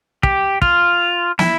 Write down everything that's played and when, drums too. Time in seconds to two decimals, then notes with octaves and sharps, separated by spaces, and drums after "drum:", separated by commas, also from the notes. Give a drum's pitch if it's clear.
0.23 G4, drum: kick
0.62 F4, drum: kick
1.39 E4, drum: snare